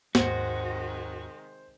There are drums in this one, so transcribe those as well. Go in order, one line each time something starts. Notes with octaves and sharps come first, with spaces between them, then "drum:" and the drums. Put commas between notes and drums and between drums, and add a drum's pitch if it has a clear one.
D#2 G#2 C3 D#3 G#3 F#4 C5, drum: snare